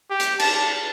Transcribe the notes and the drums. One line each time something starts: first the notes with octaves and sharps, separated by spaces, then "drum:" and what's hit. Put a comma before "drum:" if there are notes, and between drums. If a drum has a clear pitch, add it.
G4
drum: hi-hat
A5, drum: cymbal